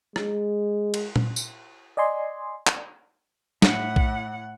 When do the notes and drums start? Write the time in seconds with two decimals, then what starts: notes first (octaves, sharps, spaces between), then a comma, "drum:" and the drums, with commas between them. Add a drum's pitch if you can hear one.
0.16 G#3, drum: rim click
0.94 drum: cymbal
1.16 drum: tom A#2
1.36 drum: tambourine
1.97 D5 D#5 G#5 C6
2.67 drum: clap
3.62 A2 F#5, drum: snare
3.96 drum: kick A#1